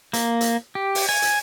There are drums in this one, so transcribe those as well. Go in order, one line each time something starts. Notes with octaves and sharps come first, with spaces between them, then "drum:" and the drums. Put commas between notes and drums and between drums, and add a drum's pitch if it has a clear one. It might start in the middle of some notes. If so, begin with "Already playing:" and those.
A#3, drum: hi-hat
drum: hi-hat
G4
drum: open hi-hat
G#5
drum: hi-hat